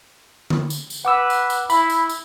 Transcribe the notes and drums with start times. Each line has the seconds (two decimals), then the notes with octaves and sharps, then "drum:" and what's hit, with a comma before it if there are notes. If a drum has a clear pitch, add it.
0.50 drum: tom D3
0.70 drum: tambourine
0.90 drum: tambourine
1.05 B4 F#5 D6 E6
1.30 drum: tambourine
1.50 drum: tambourine
1.70 E4 B5, drum: tambourine
1.90 drum: tambourine
2.09 drum: tambourine